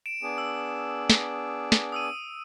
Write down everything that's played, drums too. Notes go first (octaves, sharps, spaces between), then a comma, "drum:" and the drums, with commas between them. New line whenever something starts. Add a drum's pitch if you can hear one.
D7 E7
B3 D4 G#4
E6
drum: snare
drum: snare
D#6 E6 D#7